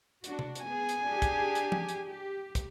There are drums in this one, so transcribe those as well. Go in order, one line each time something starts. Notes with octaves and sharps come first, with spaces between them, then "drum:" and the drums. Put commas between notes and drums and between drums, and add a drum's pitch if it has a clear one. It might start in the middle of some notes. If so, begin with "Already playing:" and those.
D4 F#4, drum: hi-hat
drum: tom C3
drum: hi-hat
B3 G#4 G#5
drum: hi-hat
D4 G4 G#4
drum: kick, hi-hat
drum: hi-hat
drum: tom F3
drum: hi-hat
G4
drum: kick, hi-hat